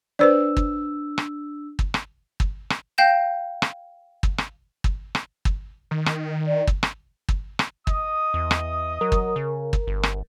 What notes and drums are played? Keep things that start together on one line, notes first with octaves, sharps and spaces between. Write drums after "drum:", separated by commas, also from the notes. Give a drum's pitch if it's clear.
D4 B4 C5 D5 E6
drum: kick
drum: rim click
drum: kick
drum: rim click
drum: kick
drum: rim click
F5 G5 G6 A#6 E7
drum: rim click
drum: kick
drum: rim click
drum: kick
drum: rim click
drum: kick
D#3
drum: rim click
D5
drum: kick
drum: rim click
drum: kick
drum: rim click
D#5 D#6, drum: kick
E2
drum: rim click
F#3 A#4
drum: kick
C#3
drum: kick
G1
drum: rim click